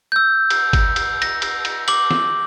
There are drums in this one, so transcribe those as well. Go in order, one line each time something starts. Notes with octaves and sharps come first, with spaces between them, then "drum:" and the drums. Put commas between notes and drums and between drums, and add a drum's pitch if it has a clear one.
E6 G6
drum: cymbal
drum: kick G1, cymbal
drum: cymbal
A#6, drum: cymbal
drum: cymbal
drum: cymbal
D6 F#7, drum: cymbal
drum: snare